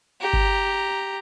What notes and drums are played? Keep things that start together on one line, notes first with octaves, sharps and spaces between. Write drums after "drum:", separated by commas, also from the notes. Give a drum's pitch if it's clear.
G4 A#5
drum: kick G1